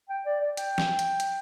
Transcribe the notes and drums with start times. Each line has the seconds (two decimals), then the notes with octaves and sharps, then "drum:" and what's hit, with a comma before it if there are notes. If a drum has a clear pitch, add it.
0.10 G5
0.26 D5
0.41 D5
0.57 G5, drum: hi-hat
0.78 drum: snare
0.99 drum: hi-hat
1.20 drum: hi-hat